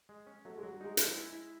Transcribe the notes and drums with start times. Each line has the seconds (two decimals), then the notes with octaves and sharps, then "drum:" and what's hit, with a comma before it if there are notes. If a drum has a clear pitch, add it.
0.09 G#3
0.27 C#4
0.45 F#3 A3
0.57 G#3
0.63 F#3
0.71 G3
0.81 G#3 D#4
0.97 E4, drum: hi-hat
1.15 E4
1.33 E4